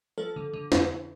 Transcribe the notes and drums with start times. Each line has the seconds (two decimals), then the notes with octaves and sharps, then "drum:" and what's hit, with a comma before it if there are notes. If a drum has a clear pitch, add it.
0.18 F3 A4
0.36 D3
0.54 D3
0.72 F2, drum: snare